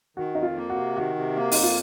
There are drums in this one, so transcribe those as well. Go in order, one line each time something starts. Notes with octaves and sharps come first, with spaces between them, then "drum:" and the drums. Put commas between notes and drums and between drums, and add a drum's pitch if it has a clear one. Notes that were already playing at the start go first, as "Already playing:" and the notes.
D#3 F#4
F2 D#4
F4
A#3
F#4
C3
D#3 F#4
C3
A#3
F2 D#4, drum: open hi-hat
F4